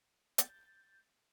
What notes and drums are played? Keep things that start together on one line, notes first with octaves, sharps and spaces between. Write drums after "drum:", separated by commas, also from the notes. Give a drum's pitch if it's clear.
G6 A6, drum: hi-hat